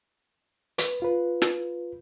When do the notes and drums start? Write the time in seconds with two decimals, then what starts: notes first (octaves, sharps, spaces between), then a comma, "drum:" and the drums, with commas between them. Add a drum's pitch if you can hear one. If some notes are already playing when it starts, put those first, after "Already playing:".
0.78 B4, drum: hi-hat
1.02 F4 B4
1.42 drum: snare